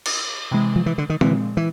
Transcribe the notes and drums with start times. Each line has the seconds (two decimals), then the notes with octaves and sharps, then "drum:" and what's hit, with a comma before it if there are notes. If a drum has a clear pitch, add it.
0.06 drum: cymbal
0.51 C3 E3 G#3
0.76 F3
0.86 E3
0.98 D3
1.10 D#3
1.21 A#2 E3 F3 G#3 C4, drum: tom D3
1.57 E3